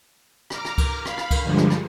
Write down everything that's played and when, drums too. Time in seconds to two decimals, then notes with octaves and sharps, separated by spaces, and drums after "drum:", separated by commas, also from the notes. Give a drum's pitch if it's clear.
0.50 A#5 D6 F6, drum: rim click
0.65 drum: rim click
0.78 drum: kick C#2, cymbal
1.05 F5 B5, drum: rim click
1.17 drum: rim click
1.31 drum: kick C#2, cymbal
1.44 G2 D3 F3 G3 G#3
1.57 drum: rim click
1.70 drum: rim click